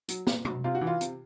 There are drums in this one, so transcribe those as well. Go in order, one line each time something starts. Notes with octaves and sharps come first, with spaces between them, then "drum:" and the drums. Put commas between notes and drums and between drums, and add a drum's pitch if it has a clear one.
F#3, drum: hi-hat
A#2, drum: snare
F#3, drum: tom
C3 F4
F#4
E3
F4
C3, drum: hi-hat